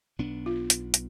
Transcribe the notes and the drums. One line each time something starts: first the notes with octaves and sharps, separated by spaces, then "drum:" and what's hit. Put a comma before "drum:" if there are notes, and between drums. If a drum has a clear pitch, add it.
B1 B3 D4
F4
drum: hi-hat
drum: hi-hat